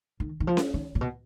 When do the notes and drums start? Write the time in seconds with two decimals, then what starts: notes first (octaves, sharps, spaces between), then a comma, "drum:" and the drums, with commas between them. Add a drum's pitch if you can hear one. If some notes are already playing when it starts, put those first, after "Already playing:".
0.20 D#3
0.40 D#3
0.47 F3
0.57 drum: snare C#4
0.74 D#3
0.95 A#2
1.01 B2